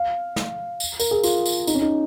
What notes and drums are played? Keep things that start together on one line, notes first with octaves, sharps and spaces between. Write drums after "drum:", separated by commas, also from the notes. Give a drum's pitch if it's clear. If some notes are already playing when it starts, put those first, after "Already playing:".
Already playing: F5
drum: snare
drum: tambourine
A#4, drum: tambourine
G#4
F4, drum: tambourine
drum: tambourine
D#4, drum: tambourine
C#4
D#4